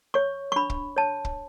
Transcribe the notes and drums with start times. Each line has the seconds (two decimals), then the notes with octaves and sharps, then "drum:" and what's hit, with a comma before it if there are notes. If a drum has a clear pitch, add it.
0.14 C#5 C#6
0.52 C#6
0.56 D4 B5
0.70 drum: kick
0.96 C#5 A5
1.25 drum: kick